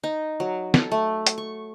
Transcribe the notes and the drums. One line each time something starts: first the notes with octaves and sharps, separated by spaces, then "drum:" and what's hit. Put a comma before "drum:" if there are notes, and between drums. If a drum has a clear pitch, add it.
D#4
F#3
A4, drum: snare
A3
drum: hi-hat
C#6